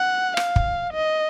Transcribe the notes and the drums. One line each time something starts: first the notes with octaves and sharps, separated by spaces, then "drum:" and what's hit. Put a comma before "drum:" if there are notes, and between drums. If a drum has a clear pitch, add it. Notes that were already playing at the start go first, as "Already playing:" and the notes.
Already playing: F#5
F5, drum: rim click
drum: kick
D#5